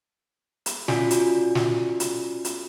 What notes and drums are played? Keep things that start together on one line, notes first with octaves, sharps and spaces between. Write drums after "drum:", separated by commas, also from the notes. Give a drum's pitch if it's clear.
drum: hi-hat
C#4 F4 F#4 D5 G#5, drum: snare
drum: hi-hat
drum: snare
drum: hi-hat
drum: hi-hat